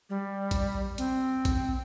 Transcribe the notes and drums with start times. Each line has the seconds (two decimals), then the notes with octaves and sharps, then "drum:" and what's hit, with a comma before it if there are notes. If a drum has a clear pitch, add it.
0.10 G3
0.51 drum: kick A#1, hi-hat
0.98 C4, drum: hi-hat
1.45 drum: kick A#1, hi-hat